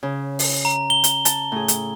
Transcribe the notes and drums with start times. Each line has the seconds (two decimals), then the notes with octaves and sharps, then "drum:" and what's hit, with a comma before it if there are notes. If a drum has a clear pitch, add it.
0.03 C#3
0.39 drum: open hi-hat
0.65 A#5
0.90 G7
1.04 drum: hi-hat
1.25 A5, drum: hi-hat
1.52 A2 G#4
1.68 drum: hi-hat